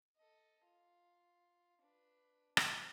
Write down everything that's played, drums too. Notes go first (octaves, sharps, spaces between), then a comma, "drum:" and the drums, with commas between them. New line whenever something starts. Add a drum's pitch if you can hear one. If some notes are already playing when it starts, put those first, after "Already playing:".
A4 D#5
F4
D4 B4
A4 C5, drum: rim click